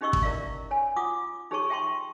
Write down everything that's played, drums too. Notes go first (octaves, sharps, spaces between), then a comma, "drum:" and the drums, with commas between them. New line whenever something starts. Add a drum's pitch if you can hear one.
C#4 D#4 G4 D#5 C#6 E6
drum: kick
E4 A#4 D5 E5 F5
C#5 G#5
F4 F#5 D6 D#6
D#4 G4 G#4 C#5 A5 C#6
E5 G5 A5 C6 C#6